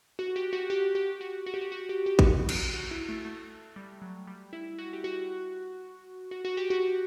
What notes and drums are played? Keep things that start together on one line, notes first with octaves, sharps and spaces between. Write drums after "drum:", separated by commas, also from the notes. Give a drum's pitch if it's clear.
F#4
G4
F#4
G4
G4
F#4
F#4
G4
F#4
F#4
G4
G4
G4, drum: kick A1
F#4
F#4, drum: cymbal
F#4
E4
A3
A3
G3
F#3
G3
E4
F#4
G4
F#4
F#4
F#4
G4
F#4